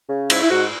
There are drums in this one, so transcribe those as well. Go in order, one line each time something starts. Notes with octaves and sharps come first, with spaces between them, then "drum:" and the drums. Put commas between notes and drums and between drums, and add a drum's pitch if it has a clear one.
C#3
G#2 E4, drum: cymbal
E4
G#2 F#4